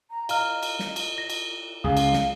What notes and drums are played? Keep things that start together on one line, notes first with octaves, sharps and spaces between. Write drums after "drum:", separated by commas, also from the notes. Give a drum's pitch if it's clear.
A#5
D#5 F5 A#5 F6, drum: cymbal
drum: cymbal
drum: snare
drum: cymbal
A#6
drum: cymbal
C#2 G#4 F5 G#5 D#6
drum: cymbal
drum: snare